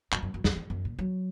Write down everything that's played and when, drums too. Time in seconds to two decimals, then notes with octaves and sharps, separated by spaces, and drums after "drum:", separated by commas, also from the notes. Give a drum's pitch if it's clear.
0.12 F#2, drum: clap
0.22 F#2
0.34 F#2
0.44 F2, drum: snare
0.56 F2
0.70 F#2
0.85 A#2
0.99 F#3